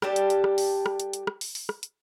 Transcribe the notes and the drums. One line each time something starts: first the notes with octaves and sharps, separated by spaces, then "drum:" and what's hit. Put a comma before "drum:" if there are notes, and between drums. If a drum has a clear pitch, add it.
G3 D4 G4 A4, drum: rim click
drum: hi-hat
drum: hi-hat
drum: rim click
drum: open hi-hat
drum: rim click
drum: hi-hat
drum: hi-hat
drum: rim click
drum: open hi-hat
drum: open hi-hat
drum: rim click
drum: hi-hat